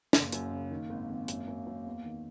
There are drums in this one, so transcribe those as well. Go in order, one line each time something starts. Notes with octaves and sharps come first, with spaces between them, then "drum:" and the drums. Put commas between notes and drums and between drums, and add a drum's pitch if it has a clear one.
F#1 A#3, drum: snare
F#2, drum: hi-hat
C#3
D#3
G#1
G#1
F#2, drum: hi-hat
F#2
F#2
E2
D#3